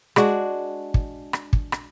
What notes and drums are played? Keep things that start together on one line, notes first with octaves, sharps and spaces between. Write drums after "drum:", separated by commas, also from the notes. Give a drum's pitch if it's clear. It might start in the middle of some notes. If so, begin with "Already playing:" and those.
G#3 D4 F#4, drum: rim click
drum: kick
drum: rim click
drum: kick
drum: rim click